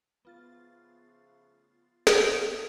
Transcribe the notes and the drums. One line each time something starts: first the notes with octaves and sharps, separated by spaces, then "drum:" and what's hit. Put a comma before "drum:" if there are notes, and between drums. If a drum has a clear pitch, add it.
C#3 F3 A3 B3 F4 A6
D#3 C#5, drum: snare